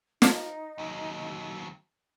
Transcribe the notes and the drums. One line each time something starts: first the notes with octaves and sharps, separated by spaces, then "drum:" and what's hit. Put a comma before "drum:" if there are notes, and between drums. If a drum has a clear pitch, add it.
D#4, drum: snare
D#2 F#3